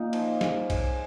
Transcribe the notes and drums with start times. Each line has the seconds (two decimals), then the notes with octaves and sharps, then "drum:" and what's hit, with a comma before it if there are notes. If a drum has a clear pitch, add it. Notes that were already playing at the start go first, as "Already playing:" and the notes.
Already playing: A#2 A#3 D#4
0.13 F3, drum: cymbal
0.41 G#3, drum: snare
0.70 G#3, drum: kick B1, cymbal